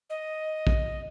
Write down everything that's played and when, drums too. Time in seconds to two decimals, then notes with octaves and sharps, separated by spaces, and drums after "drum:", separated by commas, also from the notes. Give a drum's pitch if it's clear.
0.10 D#5
0.67 drum: kick